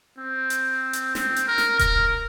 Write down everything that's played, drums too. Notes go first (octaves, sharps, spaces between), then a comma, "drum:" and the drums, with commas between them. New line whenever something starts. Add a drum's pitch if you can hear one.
C4
drum: hi-hat
drum: hi-hat
C4, drum: snare
drum: hi-hat
A#4
drum: snare
A#4, drum: kick D#1, hi-hat